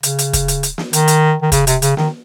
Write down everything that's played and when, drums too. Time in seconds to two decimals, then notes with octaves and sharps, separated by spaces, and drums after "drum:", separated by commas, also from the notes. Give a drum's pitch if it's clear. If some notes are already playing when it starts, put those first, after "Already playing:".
0.03 C#3, drum: hi-hat
0.18 drum: hi-hat
0.33 drum: kick, hi-hat
0.48 drum: hi-hat
0.63 drum: hi-hat
0.78 drum: snare
0.93 D#3, drum: hi-hat
1.08 drum: hi-hat
1.42 D#3
1.52 C#3, drum: kick, hi-hat
1.67 C3, drum: hi-hat
1.82 C#3, drum: hi-hat
1.97 D#3, drum: snare